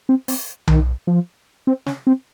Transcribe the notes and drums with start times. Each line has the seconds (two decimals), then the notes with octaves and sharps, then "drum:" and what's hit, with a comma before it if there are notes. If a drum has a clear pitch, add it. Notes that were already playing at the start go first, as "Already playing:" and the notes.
0.09 C4
0.28 C4, drum: open hi-hat
0.68 D#3, drum: tom B1
1.07 F3
1.67 C4
1.86 C#4, drum: snare
2.07 C4